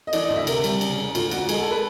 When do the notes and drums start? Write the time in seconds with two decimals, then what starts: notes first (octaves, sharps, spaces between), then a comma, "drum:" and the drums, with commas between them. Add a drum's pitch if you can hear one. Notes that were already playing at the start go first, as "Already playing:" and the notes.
0.07 D#5
0.13 E3 D5, drum: cymbal
0.24 D#5
0.29 D2
0.36 E5
0.47 C3 A#4, drum: cymbal
0.64 G3, drum: cymbal
0.81 C#3, drum: cymbal
0.98 E1
1.15 D2 F4, drum: cymbal
1.31 E1 F#4, drum: cymbal
1.49 G#3 G#4, drum: cymbal
1.60 A4
1.71 B4